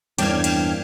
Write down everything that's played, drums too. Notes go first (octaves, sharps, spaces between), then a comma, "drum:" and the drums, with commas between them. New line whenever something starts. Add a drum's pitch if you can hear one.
E2 G2 A#3 C4 D4 G5 F6 G#6, drum: cymbal
drum: cymbal